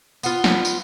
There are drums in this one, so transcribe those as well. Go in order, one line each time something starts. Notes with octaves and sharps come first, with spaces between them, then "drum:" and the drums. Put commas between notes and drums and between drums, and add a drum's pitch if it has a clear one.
B3 F4, drum: tambourine
drum: snare
drum: tambourine